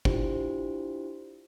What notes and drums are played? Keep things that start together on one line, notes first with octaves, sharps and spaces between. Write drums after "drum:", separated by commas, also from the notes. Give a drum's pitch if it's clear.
D4 E4 F4 G4 C5, drum: kick